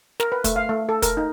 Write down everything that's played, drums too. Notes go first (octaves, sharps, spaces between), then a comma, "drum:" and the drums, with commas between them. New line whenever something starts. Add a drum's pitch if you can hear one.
A#4, drum: snare
B4
A3, drum: kick, hi-hat
F5
A3
A4
A#4, drum: kick, hi-hat
D#4